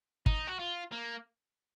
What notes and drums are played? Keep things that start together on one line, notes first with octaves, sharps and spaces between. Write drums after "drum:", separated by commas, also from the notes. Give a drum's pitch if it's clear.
D#4, drum: kick
F#4
F4
A#3